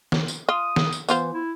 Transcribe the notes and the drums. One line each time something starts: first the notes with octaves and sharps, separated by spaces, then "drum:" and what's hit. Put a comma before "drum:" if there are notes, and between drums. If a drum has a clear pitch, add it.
drum: snare
drum: tambourine
F4 D#6
drum: snare
drum: tambourine
E3 B3 F4 C5, drum: tambourine
E4